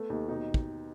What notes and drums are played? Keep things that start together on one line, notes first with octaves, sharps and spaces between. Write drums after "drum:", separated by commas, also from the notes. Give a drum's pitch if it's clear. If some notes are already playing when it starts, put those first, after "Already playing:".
Already playing: A3 B3
D#2
B2 D#4
drum: kick